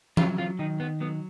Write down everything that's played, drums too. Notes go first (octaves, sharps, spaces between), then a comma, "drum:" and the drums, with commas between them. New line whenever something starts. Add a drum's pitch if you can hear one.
F#3 F4, drum: tom E3
F4
D#3 D#4
B3
F#3 B3